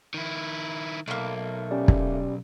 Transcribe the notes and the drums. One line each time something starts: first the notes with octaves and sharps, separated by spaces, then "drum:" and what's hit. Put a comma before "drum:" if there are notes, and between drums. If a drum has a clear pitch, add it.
D#3 E4
B1 A3 A#3
C#4 G4 D5
drum: kick